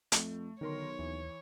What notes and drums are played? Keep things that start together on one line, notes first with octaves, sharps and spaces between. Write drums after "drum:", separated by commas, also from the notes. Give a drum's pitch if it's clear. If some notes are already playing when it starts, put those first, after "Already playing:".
F2 A3, drum: hi-hat
B1 D3 D#3 A#4 C#5 C6
D#2 E3